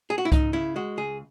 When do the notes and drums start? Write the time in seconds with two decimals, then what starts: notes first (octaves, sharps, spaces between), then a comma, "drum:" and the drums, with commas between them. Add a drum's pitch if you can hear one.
0.10 G#4
0.18 F#4
0.25 E4
0.32 C#2 D#4, drum: kick C2, hi-hat
0.53 C#3 E4
0.76 G#3 F#4
0.97 C#2 G#4